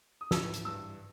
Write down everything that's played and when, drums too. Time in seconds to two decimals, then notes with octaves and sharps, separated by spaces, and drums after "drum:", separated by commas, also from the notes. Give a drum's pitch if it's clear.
0.21 D#6
0.31 E3 E6, drum: snare
0.54 drum: hi-hat
0.65 G2 E6